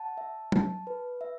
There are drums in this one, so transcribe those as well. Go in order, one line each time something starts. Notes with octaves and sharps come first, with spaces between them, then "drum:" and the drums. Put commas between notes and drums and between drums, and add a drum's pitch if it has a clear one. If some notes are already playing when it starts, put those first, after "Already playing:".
Already playing: F#5 A5
E5
A5, drum: tom F#3
B4
E5